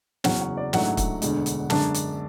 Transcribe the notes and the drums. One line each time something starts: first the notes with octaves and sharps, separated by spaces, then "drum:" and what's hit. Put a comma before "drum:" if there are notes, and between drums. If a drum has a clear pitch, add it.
F#1 E2 C#3 F#3 C#4 F#5, drum: snare
F#5
D5
A1 G#2 F#3 A3 D4 F#5, drum: snare
drum: kick, hi-hat
E1 D2 D3 G#3, drum: hi-hat
drum: hi-hat
F#2 D3 G#3 D4 A5, drum: snare
drum: hi-hat